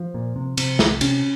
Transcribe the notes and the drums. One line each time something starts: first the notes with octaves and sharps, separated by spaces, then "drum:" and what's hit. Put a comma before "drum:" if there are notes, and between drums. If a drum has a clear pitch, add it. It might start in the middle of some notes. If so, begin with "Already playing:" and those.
Already playing: F3
A#2
C3
C3, drum: cymbal
C2, drum: snare
C3 C#4, drum: cymbal